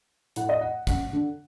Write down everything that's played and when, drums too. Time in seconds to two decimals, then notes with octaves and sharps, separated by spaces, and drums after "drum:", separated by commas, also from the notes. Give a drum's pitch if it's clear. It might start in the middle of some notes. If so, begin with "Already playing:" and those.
0.36 A2 F#5, drum: hi-hat
0.49 D#5
0.61 F#5
0.87 F#2 F#5, drum: kick, hi-hat
1.13 D3